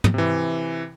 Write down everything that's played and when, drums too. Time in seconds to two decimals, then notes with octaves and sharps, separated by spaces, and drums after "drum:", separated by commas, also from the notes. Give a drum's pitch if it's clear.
0.04 drum: tom
0.14 C3 E3